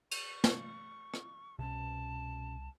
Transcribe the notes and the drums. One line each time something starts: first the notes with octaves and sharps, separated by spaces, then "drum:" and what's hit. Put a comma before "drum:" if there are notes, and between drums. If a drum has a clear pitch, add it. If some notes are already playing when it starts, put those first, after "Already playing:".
C#6, drum: cymbal
drum: snare
drum: rim click
C2 B2 C#4 A5